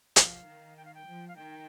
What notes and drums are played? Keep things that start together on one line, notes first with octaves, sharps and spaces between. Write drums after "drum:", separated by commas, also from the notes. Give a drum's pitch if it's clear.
F3 F5, drum: hi-hat
D#3
G5
F5
G5
F3
F5
D#3 G5